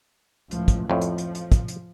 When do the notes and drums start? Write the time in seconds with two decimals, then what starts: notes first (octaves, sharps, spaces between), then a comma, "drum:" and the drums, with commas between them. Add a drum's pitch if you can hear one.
0.51 C#2 A2 F3, drum: hi-hat
0.68 drum: kick, hi-hat
0.90 F2 A2 F3
1.01 drum: hi-hat
1.18 drum: hi-hat
1.35 drum: hi-hat
1.52 drum: kick, hi-hat
1.68 drum: hi-hat